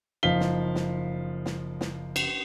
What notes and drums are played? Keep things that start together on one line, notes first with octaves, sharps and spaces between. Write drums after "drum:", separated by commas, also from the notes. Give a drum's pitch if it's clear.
F#1 F3 D#4 F5 B6 G7
drum: snare
drum: snare
drum: snare
drum: snare
drum: cymbal